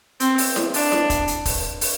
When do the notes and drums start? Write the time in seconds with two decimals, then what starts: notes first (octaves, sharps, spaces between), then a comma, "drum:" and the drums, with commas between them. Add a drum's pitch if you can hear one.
0.20 C4, drum: hi-hat
0.38 drum: open hi-hat
0.56 drum: snare E4
0.74 D4, drum: open hi-hat
0.92 drum: snare E4
1.10 drum: kick, hi-hat
1.28 drum: hi-hat
1.45 drum: kick, open hi-hat
1.81 drum: open hi-hat